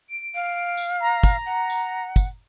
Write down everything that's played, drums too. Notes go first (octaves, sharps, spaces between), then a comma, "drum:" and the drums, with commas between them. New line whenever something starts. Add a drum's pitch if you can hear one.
D7
F5
drum: tambourine
A#5
drum: kick, tambourine
F#5
drum: tambourine
drum: kick, tambourine